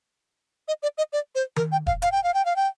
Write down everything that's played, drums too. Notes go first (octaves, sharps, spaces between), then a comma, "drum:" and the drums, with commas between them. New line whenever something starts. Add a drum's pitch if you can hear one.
D#5
D5
D#5
D5
C5
A#4, drum: tom D#3
G5
F5, drum: kick E1
F5, drum: hi-hat
G5
F5
G5
F5
G5